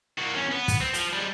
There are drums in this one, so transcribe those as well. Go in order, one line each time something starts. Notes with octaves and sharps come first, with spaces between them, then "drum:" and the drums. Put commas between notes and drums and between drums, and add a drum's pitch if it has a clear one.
A#3 F#4
E2 C#4
B3
drum: kick, hi-hat
C4
F3, drum: hi-hat
G3 G#3